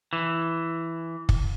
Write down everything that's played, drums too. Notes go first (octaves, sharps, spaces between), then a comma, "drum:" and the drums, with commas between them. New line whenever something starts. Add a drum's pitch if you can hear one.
E3
drum: kick